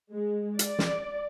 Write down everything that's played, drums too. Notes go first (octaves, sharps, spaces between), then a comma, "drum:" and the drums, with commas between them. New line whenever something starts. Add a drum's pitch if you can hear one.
G#3
D5, drum: hi-hat
drum: snare